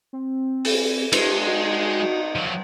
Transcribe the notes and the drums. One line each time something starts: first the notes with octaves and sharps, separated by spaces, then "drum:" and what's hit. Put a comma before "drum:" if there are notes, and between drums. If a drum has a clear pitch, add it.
C4
drum: open hi-hat
G#3 G4, drum: cymbal
D#4 F#4
F3 F#3